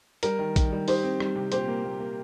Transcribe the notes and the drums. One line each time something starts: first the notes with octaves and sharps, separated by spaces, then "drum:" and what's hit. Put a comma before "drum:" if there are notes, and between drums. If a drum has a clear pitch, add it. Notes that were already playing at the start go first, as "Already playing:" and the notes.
G3 A#4, drum: hi-hat
D#3
D#3, drum: kick, hi-hat
G3
D#4 G4 C5, drum: open hi-hat
C4
G3, drum: rim click
C3
A#2 G4 C5, drum: hi-hat
A#3
A#3
A#3